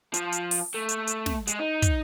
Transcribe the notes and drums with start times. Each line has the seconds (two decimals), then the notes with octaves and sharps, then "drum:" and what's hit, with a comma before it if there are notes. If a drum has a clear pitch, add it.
0.14 F3, drum: hi-hat
0.32 drum: hi-hat
0.51 drum: open hi-hat
0.74 A3
0.89 drum: hi-hat
1.07 drum: hi-hat
1.26 drum: snare
1.47 G#3, drum: hi-hat
1.59 D#4
1.82 drum: kick, hi-hat